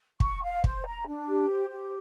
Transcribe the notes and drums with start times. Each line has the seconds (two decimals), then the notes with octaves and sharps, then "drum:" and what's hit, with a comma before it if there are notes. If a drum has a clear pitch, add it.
0.20 C#6, drum: kick
0.42 F5
0.64 C5, drum: kick
0.85 A#5
1.06 D4
1.27 G4
1.49 C5
1.70 G4